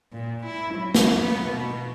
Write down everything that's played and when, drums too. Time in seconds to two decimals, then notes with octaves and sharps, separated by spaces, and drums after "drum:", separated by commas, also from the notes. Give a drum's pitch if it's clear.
0.13 A#2
0.46 E4
0.75 F#3
0.95 drum: snare
1.17 B3
1.48 B2